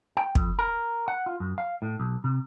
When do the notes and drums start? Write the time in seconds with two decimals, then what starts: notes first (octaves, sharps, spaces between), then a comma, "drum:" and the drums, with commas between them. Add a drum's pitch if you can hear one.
0.17 G5
0.35 F2, drum: kick
0.59 A#4
1.08 F#5
1.26 F4
1.40 F#2
1.58 F5
1.82 A2
2.00 B1
2.24 C3